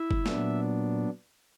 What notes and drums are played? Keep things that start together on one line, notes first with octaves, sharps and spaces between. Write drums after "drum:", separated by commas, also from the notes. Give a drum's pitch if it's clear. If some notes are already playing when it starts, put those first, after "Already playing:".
Already playing: E4 E5
drum: kick
A#2 F#3 B3 D4, drum: snare